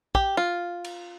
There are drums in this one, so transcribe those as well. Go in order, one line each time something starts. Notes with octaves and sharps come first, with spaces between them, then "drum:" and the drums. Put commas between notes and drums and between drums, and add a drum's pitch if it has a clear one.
G4, drum: kick
F4
drum: cymbal